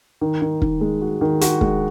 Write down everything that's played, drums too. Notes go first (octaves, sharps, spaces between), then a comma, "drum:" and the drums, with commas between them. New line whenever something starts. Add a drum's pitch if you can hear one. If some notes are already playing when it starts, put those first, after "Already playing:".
D#3
D#3
D#3, drum: kick
G#3
F#4
D#3
F#4, drum: hi-hat
G#3, drum: kick